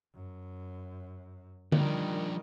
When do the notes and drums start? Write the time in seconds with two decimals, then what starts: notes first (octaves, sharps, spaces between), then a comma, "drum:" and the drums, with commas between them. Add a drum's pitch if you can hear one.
0.15 F#2
1.72 D#3 F3 G3 D4, drum: tom D3